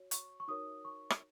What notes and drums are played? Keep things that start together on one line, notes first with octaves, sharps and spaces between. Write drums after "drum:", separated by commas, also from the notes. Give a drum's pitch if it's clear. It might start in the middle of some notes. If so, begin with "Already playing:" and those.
Already playing: F#4 C#5
C#6, drum: hi-hat
C#6
D#4 F#4 A#4 C#5 D#6
C#6
drum: rim click